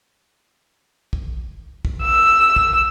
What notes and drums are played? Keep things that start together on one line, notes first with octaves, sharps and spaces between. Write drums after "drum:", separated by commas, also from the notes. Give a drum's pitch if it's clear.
drum: kick
drum: kick
E6
drum: kick